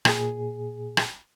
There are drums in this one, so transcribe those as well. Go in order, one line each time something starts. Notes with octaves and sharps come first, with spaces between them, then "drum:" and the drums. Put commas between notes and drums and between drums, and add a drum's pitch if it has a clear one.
A#2 G#4, drum: rim click
drum: rim click